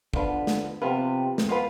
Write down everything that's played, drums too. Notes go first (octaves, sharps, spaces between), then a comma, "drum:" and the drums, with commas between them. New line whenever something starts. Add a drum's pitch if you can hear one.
D3 F3 B3 F4 B4, drum: kick
drum: snare
C3 F3 B3 F4 B4
drum: snare
F3 B3 F4 B4